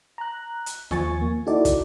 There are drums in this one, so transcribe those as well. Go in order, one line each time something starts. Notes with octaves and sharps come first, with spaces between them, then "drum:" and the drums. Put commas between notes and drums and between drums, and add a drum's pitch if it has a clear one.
A#5 F#6
drum: hi-hat
D#2 F3 G#5 C#6 A6, drum: snare F4
A#3
D#4 E4 F#4 A4 D5
drum: kick, hi-hat